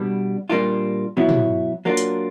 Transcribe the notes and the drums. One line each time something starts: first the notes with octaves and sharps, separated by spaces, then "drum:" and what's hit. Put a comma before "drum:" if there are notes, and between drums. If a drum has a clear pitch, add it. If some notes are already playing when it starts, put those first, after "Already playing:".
Already playing: B2 G3 B3 D4
A#2 G3 A#3 D4 F4
B2 F#3 B3 E4
drum: tom
F#3 A#3 D4 F4
drum: hi-hat